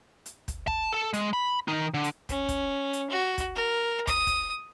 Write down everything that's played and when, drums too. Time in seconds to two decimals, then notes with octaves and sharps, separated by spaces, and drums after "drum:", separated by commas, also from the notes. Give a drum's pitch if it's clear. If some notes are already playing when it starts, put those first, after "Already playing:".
0.26 drum: hi-hat
0.48 drum: kick, hi-hat
0.67 A5, drum: kick
0.92 A4 A5
1.14 G#3, drum: hi-hat
1.33 B5
1.68 D#3 D#4
1.94 D3
2.04 drum: hi-hat
2.29 C#4, drum: kick, hi-hat
2.49 drum: kick, hi-hat
2.93 drum: hi-hat
3.10 F#4
3.38 drum: kick, hi-hat
3.55 A#4
4.07 D#6, drum: kick, hi-hat
4.27 drum: kick, hi-hat